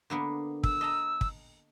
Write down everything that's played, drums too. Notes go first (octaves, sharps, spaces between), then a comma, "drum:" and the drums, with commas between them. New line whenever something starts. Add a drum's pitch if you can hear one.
D3 A#3 B3
E6, drum: kick
D#5 A5 A#5
drum: kick